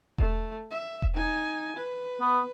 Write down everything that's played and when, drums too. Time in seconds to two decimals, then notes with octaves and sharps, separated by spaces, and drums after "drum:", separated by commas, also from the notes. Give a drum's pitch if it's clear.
0.18 A3, drum: kick E1
0.71 E5
1.02 drum: kick E1
1.13 D#4 G#5
1.76 B4
2.21 B3